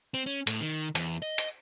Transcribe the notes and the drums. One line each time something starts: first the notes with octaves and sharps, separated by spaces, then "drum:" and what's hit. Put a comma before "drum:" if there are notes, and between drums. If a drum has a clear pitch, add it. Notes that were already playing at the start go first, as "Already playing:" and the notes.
C4
C#4
A2, drum: hi-hat
D#3
E2, drum: hi-hat
D#5
drum: hi-hat